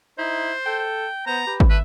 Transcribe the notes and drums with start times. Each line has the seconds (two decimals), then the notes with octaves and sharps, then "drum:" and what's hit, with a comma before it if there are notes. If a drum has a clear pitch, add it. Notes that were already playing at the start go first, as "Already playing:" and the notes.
0.18 D#4 E4 C5
0.66 A4 G5
1.27 B3 C5 A#5
1.47 G4 B4
1.60 drum: kick G#1
1.70 A3 B4 E5